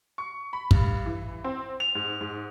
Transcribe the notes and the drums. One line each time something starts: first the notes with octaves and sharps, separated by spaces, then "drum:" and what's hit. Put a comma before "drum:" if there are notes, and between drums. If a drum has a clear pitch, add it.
C#6
B5
G2, drum: kick
E3
C4
F7
G#2
G#2